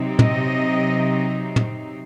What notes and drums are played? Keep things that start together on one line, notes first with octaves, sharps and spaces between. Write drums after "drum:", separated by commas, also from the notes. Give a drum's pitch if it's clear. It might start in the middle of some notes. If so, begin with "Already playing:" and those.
Already playing: C3 F#3 C4 D#4
D#5, drum: tom
drum: tom